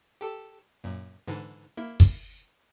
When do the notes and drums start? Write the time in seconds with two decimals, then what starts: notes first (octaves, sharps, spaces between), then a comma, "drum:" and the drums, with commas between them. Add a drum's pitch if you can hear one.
0.21 G4 A4
0.84 F#2 A#2
1.28 G#2 D3 E3
1.77 A#3 E4
2.00 drum: kick